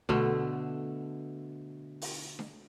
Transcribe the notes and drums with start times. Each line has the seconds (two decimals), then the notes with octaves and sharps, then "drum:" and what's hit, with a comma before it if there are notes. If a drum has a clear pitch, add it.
0.09 B2 D3 A3, drum: kick
2.02 drum: open hi-hat
2.39 drum: snare D4